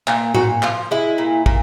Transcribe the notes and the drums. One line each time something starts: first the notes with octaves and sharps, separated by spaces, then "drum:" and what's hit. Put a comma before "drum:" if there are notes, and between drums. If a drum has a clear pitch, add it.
A#2, drum: clap
A#2 F#4, drum: tom A2
F3 F4, drum: clap
G#3 E4
A#2
A#2, drum: kick